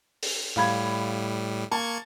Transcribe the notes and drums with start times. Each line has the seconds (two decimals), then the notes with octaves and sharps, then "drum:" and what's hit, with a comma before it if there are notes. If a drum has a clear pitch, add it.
0.23 drum: open hi-hat
0.56 A2 G3 F5 B5 G#6
1.71 A#3 A5 C#6 G#6